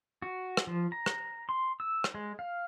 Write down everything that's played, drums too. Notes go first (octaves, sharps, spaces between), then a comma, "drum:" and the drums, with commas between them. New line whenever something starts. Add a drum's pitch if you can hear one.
F#4
drum: rim click
F3
A#5
drum: rim click
C6
E6
drum: rim click
G#3
F5